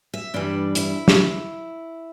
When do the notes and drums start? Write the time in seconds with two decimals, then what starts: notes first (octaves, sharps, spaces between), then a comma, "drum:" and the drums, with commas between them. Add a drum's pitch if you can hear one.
0.14 E5
0.34 G2 E3 G3 D4
0.75 E4, drum: hi-hat
1.08 drum: snare